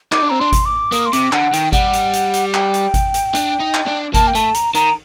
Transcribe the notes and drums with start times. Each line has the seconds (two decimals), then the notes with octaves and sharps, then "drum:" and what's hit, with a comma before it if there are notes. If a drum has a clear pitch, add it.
0.12 D#4 D6, drum: clap
0.22 D4
0.29 C4 A#5
0.40 D4 C6
0.52 drum: kick G#1, hi-hat
0.65 D6
0.92 A#3 D#6, drum: hi-hat
1.06 C6
1.13 C3 D6, drum: hi-hat
1.33 D3 F#5, drum: clap
1.53 D#3 G5, drum: hi-hat
1.73 G3 F#5, drum: kick G#1, hi-hat
1.93 drum: hi-hat
2.13 drum: hi-hat
2.34 drum: hi-hat
2.54 G5, drum: clap
2.74 drum: hi-hat
2.94 drum: kick G#1, hi-hat
3.14 drum: hi-hat
3.35 D4, drum: hi-hat
3.60 D#4
3.74 drum: clap
3.88 D4
4.14 A#3 A5, drum: kick G#1, hi-hat
4.28 G5
4.35 A3 A5, drum: hi-hat
4.54 A#5, drum: hi-hat
4.75 D#3 A#5, drum: hi-hat